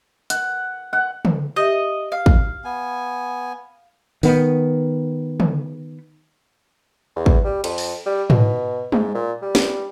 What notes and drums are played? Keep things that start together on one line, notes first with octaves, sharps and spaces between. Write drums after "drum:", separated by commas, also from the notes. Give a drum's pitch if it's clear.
F#5, drum: hi-hat
F#5
drum: tom
G4 D#5 E5
F5
drum: kick
B3 G#5
D#3 B3, drum: open hi-hat
drum: tom
E2
drum: kick
G3
F2, drum: cymbal
drum: open hi-hat
G3
B2, drum: tom G#2
G#2, drum: tom
A#2
G3
drum: snare